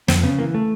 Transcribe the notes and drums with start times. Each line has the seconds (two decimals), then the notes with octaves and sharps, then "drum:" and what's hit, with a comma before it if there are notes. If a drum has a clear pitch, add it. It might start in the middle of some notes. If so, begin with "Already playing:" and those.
0.08 F2 C4, drum: snare
0.23 C#3 B3
0.39 E3 A#3
0.54 A3